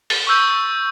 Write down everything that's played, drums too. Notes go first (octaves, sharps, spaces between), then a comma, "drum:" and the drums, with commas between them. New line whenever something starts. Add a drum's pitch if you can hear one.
A6, drum: open hi-hat
C#6 E6 G6